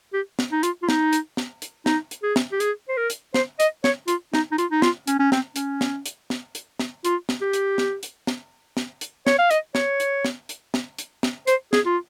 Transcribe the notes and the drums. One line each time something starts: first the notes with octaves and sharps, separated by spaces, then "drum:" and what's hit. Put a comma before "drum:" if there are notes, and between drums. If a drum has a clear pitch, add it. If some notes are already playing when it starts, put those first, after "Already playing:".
G4
drum: snare
D#4
F4, drum: hi-hat
F4
D#4, drum: snare
drum: hi-hat
drum: snare
drum: hi-hat
D#4, drum: snare
drum: hi-hat
G#4
drum: snare
G4
G#4, drum: hi-hat
C5
A#4
drum: hi-hat
C5, drum: snare
D#5, drum: hi-hat
C#5, drum: snare
F4, drum: hi-hat
D#4, drum: snare
D#4
F4, drum: hi-hat
D#4
F4, drum: snare
C#4, drum: hi-hat
C#4
C4, drum: snare
C#4, drum: hi-hat
drum: snare
drum: hi-hat
drum: snare
drum: hi-hat
drum: snare
F4, drum: hi-hat
drum: snare
G4
drum: hi-hat
drum: snare
drum: hi-hat
drum: snare
drum: snare
drum: hi-hat
C#5, drum: snare
F5
D#5, drum: hi-hat
C#5, drum: snare
drum: hi-hat
drum: snare
drum: hi-hat
drum: snare
drum: hi-hat
drum: snare
C5, drum: hi-hat
G#4, drum: snare
F4